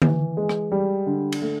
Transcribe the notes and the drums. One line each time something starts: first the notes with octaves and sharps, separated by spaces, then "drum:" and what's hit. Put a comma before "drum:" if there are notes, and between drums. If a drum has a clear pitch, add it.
E3, drum: tom D3
G#3
drum: rim click
G3
D3
drum: cymbal
A3